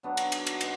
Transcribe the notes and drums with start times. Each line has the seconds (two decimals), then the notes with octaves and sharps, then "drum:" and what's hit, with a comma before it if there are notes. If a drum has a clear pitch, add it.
0.03 F#3 B3 D4 F#4
0.17 drum: cymbal
0.32 drum: cymbal
0.47 drum: cymbal
0.61 B2, drum: cymbal